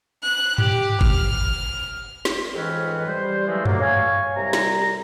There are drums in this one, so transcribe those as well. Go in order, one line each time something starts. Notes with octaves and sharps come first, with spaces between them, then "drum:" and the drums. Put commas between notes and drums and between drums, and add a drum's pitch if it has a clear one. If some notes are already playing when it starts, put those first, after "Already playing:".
F#6
G4, drum: tom G2
F6, drum: kick G1
drum: snare
F2 G#2 E3 C4 C#4 B4
G3 C5
C#3 E3 F#3 G#3 A3
D3 F#3 A3 A#3, drum: tom F#2
C#5 F5 G#5
C2 C3 G3 A#5
drum: snare